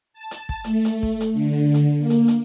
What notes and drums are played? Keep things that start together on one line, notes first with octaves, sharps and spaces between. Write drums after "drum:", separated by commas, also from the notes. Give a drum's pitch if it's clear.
A5
drum: hi-hat
drum: kick
A3, drum: hi-hat
drum: hi-hat
drum: kick
drum: hi-hat
D3
drum: hi-hat
A#3
drum: hi-hat
drum: hi-hat